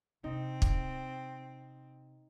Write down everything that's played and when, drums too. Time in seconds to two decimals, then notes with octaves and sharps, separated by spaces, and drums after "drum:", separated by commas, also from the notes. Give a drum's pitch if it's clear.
0.24 C3 C4 D#4
0.62 drum: kick